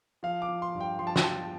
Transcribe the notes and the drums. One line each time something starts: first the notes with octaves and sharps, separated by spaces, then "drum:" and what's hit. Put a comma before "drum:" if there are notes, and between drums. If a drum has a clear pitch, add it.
F3 F5
D6
F3
C6
G2
G5
F3 C6
A5
G5, drum: snare
F3 A5